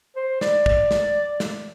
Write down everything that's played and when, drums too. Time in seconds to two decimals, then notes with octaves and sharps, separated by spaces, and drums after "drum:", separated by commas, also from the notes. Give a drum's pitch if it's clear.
0.16 C5
0.41 D5, drum: snare
0.66 drum: kick
0.91 drum: snare
1.40 drum: snare